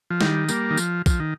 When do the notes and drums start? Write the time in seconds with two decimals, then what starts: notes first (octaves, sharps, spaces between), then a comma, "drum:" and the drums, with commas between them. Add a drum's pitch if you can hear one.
0.10 F3
0.21 D#3 G3, drum: snare
0.49 G3 A#3, drum: tambourine
0.70 D#3
0.77 F3, drum: tambourine
1.06 F3, drum: kick, tambourine
1.20 D#3